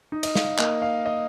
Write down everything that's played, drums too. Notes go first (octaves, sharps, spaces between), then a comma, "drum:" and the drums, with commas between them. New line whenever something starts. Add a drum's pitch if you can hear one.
D#4
D#5, drum: cymbal
F5, drum: snare
A#3 D#5, drum: clap
F5
D#5